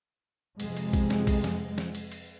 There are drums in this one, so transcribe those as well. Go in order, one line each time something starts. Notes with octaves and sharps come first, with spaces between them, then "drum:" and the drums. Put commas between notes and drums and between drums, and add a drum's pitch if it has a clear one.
F2 C3 G#3, drum: cymbal
drum: cymbal
drum: kick, cymbal
drum: snare
drum: kick, cymbal
drum: snare
drum: snare
drum: cymbal
drum: cymbal